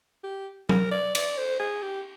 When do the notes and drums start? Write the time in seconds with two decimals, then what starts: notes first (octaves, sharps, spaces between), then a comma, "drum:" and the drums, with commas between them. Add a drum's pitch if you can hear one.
0.24 G4
0.69 A#4, drum: tom F#3
0.91 D5
1.15 D5, drum: cymbal
1.38 C5
1.60 G#4
1.82 G4